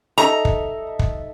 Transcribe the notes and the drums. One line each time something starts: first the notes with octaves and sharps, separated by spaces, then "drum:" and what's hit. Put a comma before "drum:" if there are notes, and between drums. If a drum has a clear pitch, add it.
D#4 A4 E5 A#5
drum: kick
drum: kick